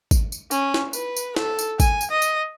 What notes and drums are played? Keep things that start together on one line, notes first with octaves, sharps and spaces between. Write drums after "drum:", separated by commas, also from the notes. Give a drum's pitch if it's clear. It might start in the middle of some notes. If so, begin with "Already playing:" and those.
drum: kick G#1, tambourine
drum: tambourine
C#4, drum: tambourine
drum: snare
B4, drum: tambourine
drum: tambourine
A4, drum: snare
drum: tambourine
G#5, drum: kick G#1, tambourine
drum: tambourine
D#5
drum: tambourine